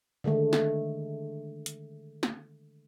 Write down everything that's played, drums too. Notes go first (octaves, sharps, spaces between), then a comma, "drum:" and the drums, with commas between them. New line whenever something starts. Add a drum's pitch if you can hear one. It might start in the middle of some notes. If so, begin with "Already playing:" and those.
D3 D#3 G#3 A3
drum: snare
drum: hi-hat
drum: snare